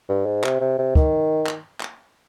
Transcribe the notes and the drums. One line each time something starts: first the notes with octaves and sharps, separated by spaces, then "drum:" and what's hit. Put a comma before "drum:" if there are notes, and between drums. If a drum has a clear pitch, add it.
G2
G#2
C3, drum: clap
C3
C3
D#3, drum: kick
drum: clap
drum: clap